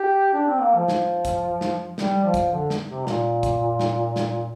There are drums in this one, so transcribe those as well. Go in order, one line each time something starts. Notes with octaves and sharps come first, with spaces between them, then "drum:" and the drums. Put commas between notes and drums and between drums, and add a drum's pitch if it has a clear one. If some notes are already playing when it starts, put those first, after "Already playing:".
Already playing: G4
D4
C4
A#3
F3
drum: snare
drum: kick, hi-hat
drum: snare
G3, drum: snare
F3
drum: kick, hi-hat
D3
drum: snare
C3
A#2, drum: snare
drum: kick, hi-hat
drum: snare
drum: snare